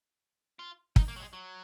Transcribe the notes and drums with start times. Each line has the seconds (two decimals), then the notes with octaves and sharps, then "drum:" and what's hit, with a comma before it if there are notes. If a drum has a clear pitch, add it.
0.59 F4
0.96 D#4, drum: kick
1.08 A#3
1.16 F#3
1.20 G#3
1.33 F#3